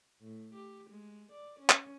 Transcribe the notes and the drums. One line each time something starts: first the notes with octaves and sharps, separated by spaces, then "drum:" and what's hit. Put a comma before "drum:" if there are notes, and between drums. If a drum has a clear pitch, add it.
A2
G4
G#3
D5
C#4
drum: clap